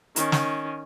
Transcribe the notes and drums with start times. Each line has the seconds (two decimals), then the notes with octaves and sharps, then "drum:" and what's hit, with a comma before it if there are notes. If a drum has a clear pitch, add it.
0.16 D#3 C#4, drum: hi-hat
0.32 drum: snare